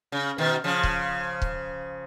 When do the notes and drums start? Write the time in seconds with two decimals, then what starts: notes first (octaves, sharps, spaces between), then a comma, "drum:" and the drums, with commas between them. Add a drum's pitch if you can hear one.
0.12 C#3
0.38 B2 D#3
0.64 C#3 F3
0.83 drum: kick C#1
1.42 drum: kick C#1